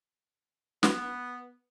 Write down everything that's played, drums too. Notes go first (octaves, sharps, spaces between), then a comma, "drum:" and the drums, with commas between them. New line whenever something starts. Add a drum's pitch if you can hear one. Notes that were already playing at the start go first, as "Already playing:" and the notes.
B3, drum: snare